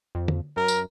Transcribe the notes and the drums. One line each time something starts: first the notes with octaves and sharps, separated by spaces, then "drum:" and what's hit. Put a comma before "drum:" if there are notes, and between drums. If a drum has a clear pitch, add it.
F2
drum: tom
F#2 A#4
drum: tambourine